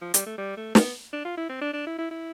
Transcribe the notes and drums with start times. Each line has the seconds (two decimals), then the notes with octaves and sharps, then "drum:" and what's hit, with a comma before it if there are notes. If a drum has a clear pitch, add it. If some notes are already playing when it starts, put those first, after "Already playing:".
0.01 F3
0.14 G3, drum: hi-hat
0.26 A3
0.38 G3
0.57 A3
0.75 B3, drum: snare
1.13 D4
1.25 F4
1.37 E4
1.49 C4
1.61 D4
1.73 D4
1.86 E4
1.98 E4
2.11 E4